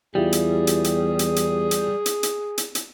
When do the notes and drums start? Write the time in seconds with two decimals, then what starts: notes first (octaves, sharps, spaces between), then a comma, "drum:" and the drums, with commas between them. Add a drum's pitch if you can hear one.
0.15 E2 G3 E4 F4 G4 G#4
0.32 drum: hi-hat
0.67 drum: hi-hat
0.84 drum: hi-hat
1.19 drum: hi-hat
1.36 drum: hi-hat
1.71 drum: hi-hat
2.06 drum: hi-hat
2.23 drum: hi-hat
2.58 drum: hi-hat
2.75 drum: hi-hat